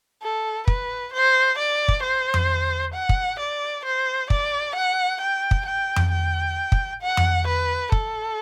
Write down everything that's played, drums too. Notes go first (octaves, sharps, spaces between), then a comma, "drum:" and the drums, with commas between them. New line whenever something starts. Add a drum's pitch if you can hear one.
A4
B4, drum: kick
C5
D5
drum: kick
C5
drum: tom F2
F#5
drum: kick
D5
C5
D5, drum: kick
F#5
G5
drum: kick
G5
drum: tom F2
G5
drum: kick
F#5
drum: tom F2
B4
A4, drum: kick